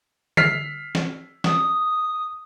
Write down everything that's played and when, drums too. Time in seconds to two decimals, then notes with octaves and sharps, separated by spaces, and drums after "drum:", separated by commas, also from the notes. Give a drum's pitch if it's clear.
0.37 F6 B6 C7, drum: tom D3
0.95 drum: snare
1.44 D#6, drum: snare